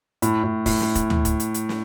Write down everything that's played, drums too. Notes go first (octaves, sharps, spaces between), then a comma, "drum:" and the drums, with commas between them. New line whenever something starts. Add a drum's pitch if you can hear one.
A2, drum: hi-hat
A2
A2, drum: kick, open hi-hat
drum: snare
drum: kick, hi-hat
drum: tom D2
drum: kick, hi-hat
drum: hi-hat
drum: hi-hat
drum: snare